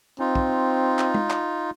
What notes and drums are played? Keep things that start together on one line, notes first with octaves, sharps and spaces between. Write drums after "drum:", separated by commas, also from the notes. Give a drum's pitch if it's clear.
C4 D#4 F4
drum: kick
drum: clap
drum: tom G#3
drum: clap